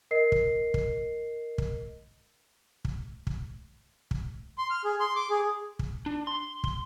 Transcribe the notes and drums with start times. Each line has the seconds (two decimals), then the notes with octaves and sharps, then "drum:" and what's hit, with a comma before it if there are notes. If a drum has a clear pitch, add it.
0.11 A#4 D#5 C7
0.32 drum: kick
0.74 drum: kick
1.58 drum: kick
2.85 drum: kick
3.27 drum: kick
4.11 drum: kick
4.58 C6
4.70 F6
4.85 G#4
5.00 C6
5.16 D6
5.30 G#4
5.79 drum: kick
6.06 D4
6.27 C6
6.64 drum: kick